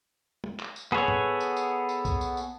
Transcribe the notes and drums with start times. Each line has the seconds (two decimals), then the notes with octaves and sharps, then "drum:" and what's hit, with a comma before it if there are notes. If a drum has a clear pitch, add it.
0.44 drum: tom
0.60 drum: clap
0.76 drum: tambourine
0.92 B3 G#4 A4 B4 C#5, drum: clap
1.08 drum: tom G#2
1.40 drum: tambourine
1.57 drum: tambourine
1.89 drum: tambourine
2.05 drum: kick B1, tambourine
2.21 drum: tambourine
2.37 drum: tambourine